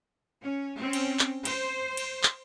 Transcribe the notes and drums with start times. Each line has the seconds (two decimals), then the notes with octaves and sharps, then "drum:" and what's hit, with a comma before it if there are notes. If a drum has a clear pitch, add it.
0.43 C#4
0.78 C4 C#4
0.93 drum: cymbal
1.19 drum: clap
1.45 C5, drum: cymbal
1.97 drum: cymbal
2.23 drum: clap